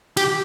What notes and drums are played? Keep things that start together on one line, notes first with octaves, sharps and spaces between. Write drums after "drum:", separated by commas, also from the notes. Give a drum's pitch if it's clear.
G4, drum: cymbal